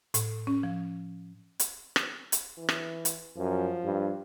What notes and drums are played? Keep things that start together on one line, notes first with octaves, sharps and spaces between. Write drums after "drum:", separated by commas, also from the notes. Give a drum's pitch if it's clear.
A2, drum: hi-hat
C#4
F3
drum: hi-hat
drum: rim click
drum: hi-hat
E3
drum: rim click
drum: hi-hat
F#2 F3
G2